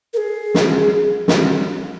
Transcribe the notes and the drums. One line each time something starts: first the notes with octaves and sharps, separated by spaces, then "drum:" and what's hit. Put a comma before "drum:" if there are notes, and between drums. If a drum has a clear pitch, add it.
A#4
G#4
drum: snare
drum: snare